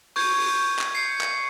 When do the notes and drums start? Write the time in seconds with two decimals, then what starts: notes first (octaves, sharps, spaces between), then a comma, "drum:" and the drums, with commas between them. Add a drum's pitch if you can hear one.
0.16 C#6 G6 G#6, drum: open hi-hat
0.37 drum: open hi-hat
0.79 drum: clap
0.95 C7 C#7
1.21 drum: clap